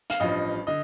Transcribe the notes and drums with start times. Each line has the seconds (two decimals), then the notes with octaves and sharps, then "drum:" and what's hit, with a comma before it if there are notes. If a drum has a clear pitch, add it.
0.10 F5, drum: hi-hat
0.20 A1 G2 F3 D#5
0.67 D3 D#5